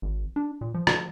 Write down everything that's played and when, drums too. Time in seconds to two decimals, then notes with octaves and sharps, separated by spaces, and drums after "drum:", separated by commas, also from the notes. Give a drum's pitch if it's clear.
0.02 G#1
0.36 D4
0.61 A#2
0.74 F3
0.87 drum: rim click